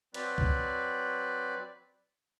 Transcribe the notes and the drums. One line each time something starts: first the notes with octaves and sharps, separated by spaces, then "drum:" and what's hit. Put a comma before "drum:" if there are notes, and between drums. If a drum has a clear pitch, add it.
F#3 C4 B4 D5, drum: cymbal
drum: kick C2